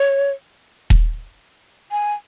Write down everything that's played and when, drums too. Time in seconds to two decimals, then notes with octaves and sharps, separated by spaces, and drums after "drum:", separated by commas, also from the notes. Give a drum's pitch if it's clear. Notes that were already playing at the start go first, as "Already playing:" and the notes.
Already playing: C#5
0.90 drum: kick D#1
1.91 G#5